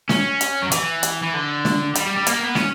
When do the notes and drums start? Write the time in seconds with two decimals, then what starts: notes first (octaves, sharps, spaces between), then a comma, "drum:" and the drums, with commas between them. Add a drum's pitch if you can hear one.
0.09 C#4, drum: snare
0.41 drum: hi-hat
0.62 F#3
0.72 E3, drum: hi-hat
1.03 drum: hi-hat
1.23 E3
1.34 D3
1.65 drum: snare
1.95 G3, drum: hi-hat
2.06 G3
2.17 G3
2.27 A#3, drum: hi-hat
2.43 B3
2.55 C#4, drum: snare